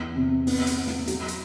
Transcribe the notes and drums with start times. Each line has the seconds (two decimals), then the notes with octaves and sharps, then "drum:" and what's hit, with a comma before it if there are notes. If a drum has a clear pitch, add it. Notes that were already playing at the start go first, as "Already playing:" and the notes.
Already playing: E2
0.16 C3
0.47 B3, drum: open hi-hat
0.67 drum: hi-hat
0.77 B3
0.87 drum: snare
1.08 F#3, drum: hi-hat
1.28 drum: hi-hat